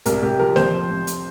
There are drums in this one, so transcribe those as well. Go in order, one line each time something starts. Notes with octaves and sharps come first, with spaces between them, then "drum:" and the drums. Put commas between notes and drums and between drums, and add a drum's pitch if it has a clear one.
C2 A#4, drum: hi-hat
C2 G4
F3 A#4
F2 C5, drum: snare
F3
F2
drum: hi-hat